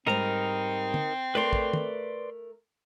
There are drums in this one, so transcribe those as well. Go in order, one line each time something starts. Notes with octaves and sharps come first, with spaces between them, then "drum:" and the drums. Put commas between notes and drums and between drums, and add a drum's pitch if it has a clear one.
G#2 G3 C4 D#4 A#4 A#5
drum: tom
A3 A#4 B4 D5 C6
drum: kick
drum: tom